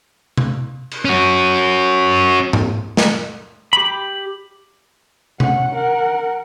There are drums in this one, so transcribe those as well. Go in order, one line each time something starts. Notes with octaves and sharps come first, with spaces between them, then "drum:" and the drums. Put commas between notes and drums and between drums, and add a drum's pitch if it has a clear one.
drum: tom C3
drum: cymbal
C#4 F#4
drum: tom G#2
drum: snare
G4 B5
C#4 F#5, drum: tom C3
A#4 F#5